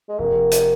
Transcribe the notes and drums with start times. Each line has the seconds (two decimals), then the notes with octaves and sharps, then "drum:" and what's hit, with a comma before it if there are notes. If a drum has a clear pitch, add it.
0.09 G#3
0.19 F1 A#3
0.51 drum: hi-hat